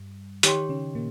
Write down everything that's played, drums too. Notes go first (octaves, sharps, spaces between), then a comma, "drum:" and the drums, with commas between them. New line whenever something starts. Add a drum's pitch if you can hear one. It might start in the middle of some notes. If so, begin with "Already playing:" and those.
Already playing: G2 G3
D#3 D#4 G4 C#5 G5 C6, drum: hi-hat
C#3 C#4
A#2 A#3